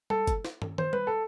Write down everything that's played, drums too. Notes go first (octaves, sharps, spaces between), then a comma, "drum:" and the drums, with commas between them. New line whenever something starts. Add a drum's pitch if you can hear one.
A4, drum: tom G3
drum: kick F#1, hi-hat
drum: snare
drum: tom
C5, drum: tom
B4, drum: tom G3
A4